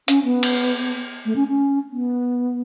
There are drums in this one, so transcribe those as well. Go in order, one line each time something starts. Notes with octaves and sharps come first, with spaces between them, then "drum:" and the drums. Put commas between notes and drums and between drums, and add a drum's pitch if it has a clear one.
C#4, drum: hi-hat
B3
drum: cymbal
A3
C#4
C#4
B3